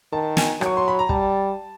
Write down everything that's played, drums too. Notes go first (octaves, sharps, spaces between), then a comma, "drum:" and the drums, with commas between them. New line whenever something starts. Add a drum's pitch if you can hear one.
D#3 A5
G#5, drum: snare
F#3 C#6, drum: rim click
C6
B5
A#5
G3 A5, drum: kick